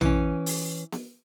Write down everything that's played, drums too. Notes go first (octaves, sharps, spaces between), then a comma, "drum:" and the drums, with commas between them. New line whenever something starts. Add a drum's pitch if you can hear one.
E3 C#4, drum: tom A#1
drum: open hi-hat
drum: snare B3